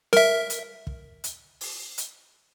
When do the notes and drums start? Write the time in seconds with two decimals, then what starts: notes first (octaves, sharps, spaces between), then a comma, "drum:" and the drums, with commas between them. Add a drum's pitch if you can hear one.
0.13 A#4 E5, drum: snare
0.50 drum: hi-hat
0.87 drum: kick
1.24 drum: hi-hat
1.61 drum: open hi-hat
1.98 drum: hi-hat